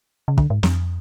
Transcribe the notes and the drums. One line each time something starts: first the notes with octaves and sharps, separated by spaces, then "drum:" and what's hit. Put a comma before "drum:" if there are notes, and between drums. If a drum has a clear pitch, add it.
C#3
D3, drum: kick
G#2
F2, drum: snare